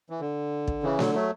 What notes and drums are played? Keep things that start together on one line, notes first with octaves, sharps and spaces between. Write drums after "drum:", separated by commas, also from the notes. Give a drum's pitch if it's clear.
E3
D3
drum: kick
C#3 E3
D3 F#3, drum: snare A3
F#3 A3